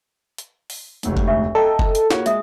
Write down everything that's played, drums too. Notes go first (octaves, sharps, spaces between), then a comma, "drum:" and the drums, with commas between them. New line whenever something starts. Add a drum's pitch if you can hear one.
drum: hi-hat
drum: open hi-hat
F1 D2 G#2, drum: hi-hat
drum: kick F#1
D4 E5 C#6
A4 D#5 G5 A#5
drum: kick F#1
drum: hi-hat
A#3 F4 F#4 G#4 C#5, drum: snare
G#3 E5 D#6, drum: hi-hat